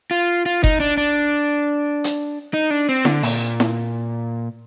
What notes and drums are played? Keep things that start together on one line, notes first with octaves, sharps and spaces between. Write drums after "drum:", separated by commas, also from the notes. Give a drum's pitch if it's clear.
F4
F4
D#4, drum: kick F#1
D4
D4
drum: hi-hat
D#4
D4
C4
D3, drum: snare E4
A#2, drum: open hi-hat
drum: snare E4